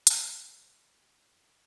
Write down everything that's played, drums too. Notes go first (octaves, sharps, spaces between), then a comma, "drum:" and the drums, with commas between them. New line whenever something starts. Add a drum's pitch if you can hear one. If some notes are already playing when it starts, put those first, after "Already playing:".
D#5 E5 A#5 E6, drum: hi-hat